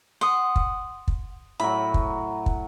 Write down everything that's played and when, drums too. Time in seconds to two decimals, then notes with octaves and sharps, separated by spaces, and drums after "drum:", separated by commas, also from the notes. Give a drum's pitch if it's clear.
0.21 F#5 C6 D#6
0.56 drum: kick
1.08 drum: kick
1.60 A2 F#3 B5
1.94 drum: kick
2.46 drum: kick